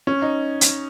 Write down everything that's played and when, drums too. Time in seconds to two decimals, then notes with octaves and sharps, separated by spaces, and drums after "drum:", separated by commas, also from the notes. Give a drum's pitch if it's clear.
0.07 C#4
0.22 D#4
0.61 drum: hi-hat